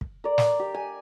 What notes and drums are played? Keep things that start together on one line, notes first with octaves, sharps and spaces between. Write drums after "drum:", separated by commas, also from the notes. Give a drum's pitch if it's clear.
drum: kick
A#4 D5
drum: snare
G4
G#5